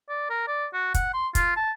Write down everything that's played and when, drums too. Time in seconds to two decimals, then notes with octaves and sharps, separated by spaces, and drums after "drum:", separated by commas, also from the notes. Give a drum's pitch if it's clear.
0.09 D5
0.30 A#4
0.47 D5
0.74 F#4
0.94 F#5, drum: kick, hi-hat
1.14 C6
1.35 F4, drum: kick, hi-hat
1.57 A5